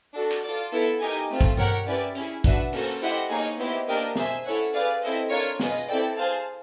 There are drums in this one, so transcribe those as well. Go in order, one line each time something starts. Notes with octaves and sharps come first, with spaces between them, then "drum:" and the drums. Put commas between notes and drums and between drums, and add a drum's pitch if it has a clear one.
D4 F#4 A4
drum: clap
F4 A4 D5
B3 E4 A4
D#4 G4 A#4 D#5 G#5
A3 C4 F4
drum: kick
G4 A#4 C#5 F#5, drum: tom G2
C#4 E4 G4 B4 D5
C#4 E4 G#4, drum: hi-hat
D4 F#4 B4 E5, drum: kick
A#3 C#4 F#4 A4 C5, drum: cymbal
E4 G4 C5 D#5 F#5
A#3 D#4 G#4 C#5
B3 E4 G4 C5 D#5
A#3 D4 G4 A#4 D#5
G#4 C5 E5 G#5, drum: snare
C#4 E4 A4 C#5 F#5
G#4 B4 D5 F5
C4 E4 A4 C5 D#5
D4 F4 A#4 C#5
F4 G#4 B4 D#5, drum: snare
drum: tambourine
C4 E4 A4 D5 G5
G#4 C5 F5 A5